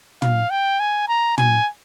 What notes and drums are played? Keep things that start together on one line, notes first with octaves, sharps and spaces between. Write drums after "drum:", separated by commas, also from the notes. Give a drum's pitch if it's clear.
F5, drum: tom
G5
G#5
A#5
G#5, drum: tom